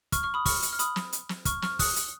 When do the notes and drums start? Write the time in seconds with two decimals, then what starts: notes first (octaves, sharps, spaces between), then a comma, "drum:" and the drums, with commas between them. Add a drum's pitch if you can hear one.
0.12 C#6 F6, drum: kick, hi-hat
0.23 C#6 F6
0.34 B5 D#6
0.46 C#6 F6, drum: kick, open hi-hat
0.62 drum: hi-hat
0.73 F6
0.79 B5 D#6, drum: hi-hat
0.96 drum: snare
1.13 drum: hi-hat
1.29 drum: snare
1.45 C#6 F6, drum: kick, hi-hat
1.62 C#6 F6, drum: snare
1.79 D#6 F#6, drum: kick, open hi-hat
1.96 drum: hi-hat